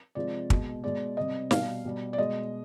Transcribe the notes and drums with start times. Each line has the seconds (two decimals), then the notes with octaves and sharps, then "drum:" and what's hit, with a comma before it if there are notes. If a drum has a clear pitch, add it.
0.15 C3 F3 G#3 D5
0.50 B2 G#3, drum: kick
0.84 B2 G#3 D5
1.17 C3 G3 D#5
1.51 B2 G3 F5, drum: snare
1.85 B2 G3
2.13 D5
2.18 B2 G#3 D#5